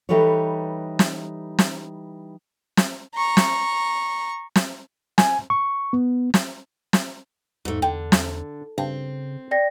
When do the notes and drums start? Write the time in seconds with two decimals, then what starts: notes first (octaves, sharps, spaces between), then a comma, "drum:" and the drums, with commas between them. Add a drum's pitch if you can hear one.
0.09 E3 G3 D#4 A4 B4 C#5
0.99 drum: snare
1.59 drum: snare
2.77 drum: snare
3.15 A#5 C#6
3.37 drum: snare
4.56 drum: snare
5.18 G#5, drum: snare
5.50 C#6
5.93 B3
6.34 drum: snare
6.93 drum: snare
7.65 E2 G#2 A3
7.82 D3 G5
8.12 drum: snare
8.78 G2 C#3 C4
9.51 D5 G5 A#6